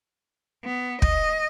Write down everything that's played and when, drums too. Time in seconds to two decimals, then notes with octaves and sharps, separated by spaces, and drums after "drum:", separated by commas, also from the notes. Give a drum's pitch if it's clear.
0.65 B3
1.02 D#5, drum: kick